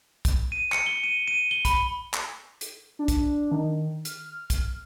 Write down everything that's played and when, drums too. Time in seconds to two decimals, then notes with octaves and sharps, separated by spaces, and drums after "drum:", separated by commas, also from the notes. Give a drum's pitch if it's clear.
0.25 drum: kick, hi-hat
0.52 D#7
0.72 C#7, drum: clap
0.86 G7
1.03 D#7
1.28 D#7
1.51 G7
1.65 B5, drum: kick, hi-hat
2.14 drum: clap
2.61 drum: hi-hat
2.99 D4
3.08 drum: kick, hi-hat
3.52 D#3
4.05 F6, drum: hi-hat
4.50 drum: kick, hi-hat